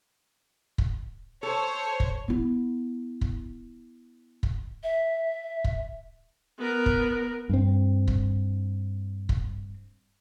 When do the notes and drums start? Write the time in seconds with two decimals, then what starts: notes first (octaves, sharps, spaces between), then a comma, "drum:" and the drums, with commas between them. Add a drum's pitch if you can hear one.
0.78 drum: kick
1.43 A4 C5 C#5
2.00 drum: kick
2.28 B3 E4
3.21 drum: kick
4.43 drum: kick
4.83 E5
5.64 drum: kick
6.59 B3 A#4
6.86 drum: kick
7.49 G2 C4
8.08 drum: kick
9.29 drum: kick